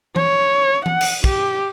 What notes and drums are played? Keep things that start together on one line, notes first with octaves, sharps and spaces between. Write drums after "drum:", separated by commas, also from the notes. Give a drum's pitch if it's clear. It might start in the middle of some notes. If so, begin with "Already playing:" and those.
C#5, drum: tom E3
F#5, drum: tom E3
drum: cymbal
G4, drum: kick